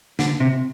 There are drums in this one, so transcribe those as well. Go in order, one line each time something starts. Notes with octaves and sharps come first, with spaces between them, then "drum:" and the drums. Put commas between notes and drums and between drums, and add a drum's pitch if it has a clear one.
D3, drum: snare
C3